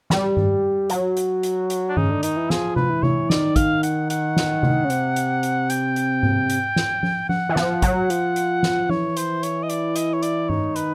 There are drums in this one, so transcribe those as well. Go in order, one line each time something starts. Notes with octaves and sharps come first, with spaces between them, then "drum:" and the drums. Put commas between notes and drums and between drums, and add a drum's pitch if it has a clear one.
G3, drum: snare
drum: tom G2
F#3, drum: hi-hat
drum: hi-hat
drum: hi-hat
drum: hi-hat
D4
C#3 D#4, drum: tom G2
D3
D#3 D#4, drum: hi-hat
E3
F3 G#4, drum: snare
B4, drum: tom C3
E3
C#5, drum: tom C3
D#3 D5, drum: snare
F5, drum: kick, hi-hat
F#5, drum: hi-hat
F#5, drum: hi-hat
drum: snare
drum: tom C3
C#3
C3, drum: hi-hat
drum: hi-hat
drum: hi-hat
G5, drum: hi-hat
drum: hi-hat
drum: tom G#2
drum: hi-hat
drum: snare
drum: tom F3
F#5, drum: tom F3
E3
F3, drum: snare
F#3, drum: kick, hi-hat
F3, drum: hi-hat
drum: hi-hat
drum: snare
E3 C#5, drum: tom F3
C5, drum: hi-hat
C#5, drum: hi-hat
D#5
D5, drum: hi-hat
D#5, drum: hi-hat
C#5
D5, drum: hi-hat
D#3 C#5, drum: tom G2
B4, drum: hi-hat